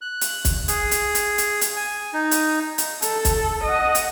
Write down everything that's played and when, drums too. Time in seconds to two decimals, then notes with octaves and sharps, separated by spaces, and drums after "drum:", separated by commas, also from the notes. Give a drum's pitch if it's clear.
0.01 F#6
0.21 drum: hi-hat
0.45 drum: kick, hi-hat
0.68 G#4, drum: hi-hat
0.91 drum: hi-hat
1.15 drum: hi-hat
1.38 drum: hi-hat
1.61 drum: hi-hat
1.76 G#5
2.14 D#4
2.31 drum: hi-hat
2.78 drum: hi-hat
3.02 A4, drum: hi-hat
3.25 drum: kick, hi-hat
3.63 D#5 F#5
3.95 drum: hi-hat